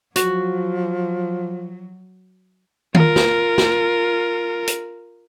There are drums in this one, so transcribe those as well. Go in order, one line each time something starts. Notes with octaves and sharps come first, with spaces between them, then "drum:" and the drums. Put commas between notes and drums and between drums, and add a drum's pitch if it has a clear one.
F3 F#3 F#4, drum: hi-hat
F4 A#4, drum: tom D#3
drum: snare
drum: snare
drum: hi-hat